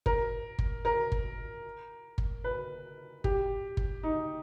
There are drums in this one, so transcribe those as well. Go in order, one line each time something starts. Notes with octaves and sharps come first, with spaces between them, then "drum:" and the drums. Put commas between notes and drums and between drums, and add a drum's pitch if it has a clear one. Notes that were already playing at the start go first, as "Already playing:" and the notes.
A#4, drum: kick G1
drum: kick G1
A#4
drum: kick G1
drum: kick G1
B4
G4, drum: kick G1
drum: kick G1
D#4